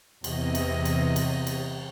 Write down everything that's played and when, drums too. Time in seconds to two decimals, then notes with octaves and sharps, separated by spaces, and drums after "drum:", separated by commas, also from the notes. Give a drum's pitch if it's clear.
0.24 E2 C3 D#5, drum: cymbal
0.55 drum: cymbal
0.85 drum: cymbal
1.16 drum: cymbal
1.47 drum: cymbal